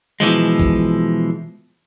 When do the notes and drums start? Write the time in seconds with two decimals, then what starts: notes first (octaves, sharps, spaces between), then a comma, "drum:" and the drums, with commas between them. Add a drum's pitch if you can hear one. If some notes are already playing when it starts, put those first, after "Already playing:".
0.20 B2 E3 F3 G#3
0.60 drum: kick A#1